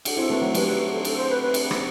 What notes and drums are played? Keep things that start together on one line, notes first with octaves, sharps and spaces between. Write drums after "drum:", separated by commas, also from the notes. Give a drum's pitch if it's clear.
F#4 A4, drum: cymbal
C4 E4
A3 C4 B4
F#3
G3 B4, drum: cymbal
B4
A4
A4, drum: cymbal
C5
B4
B4
drum: cymbal
drum: rim click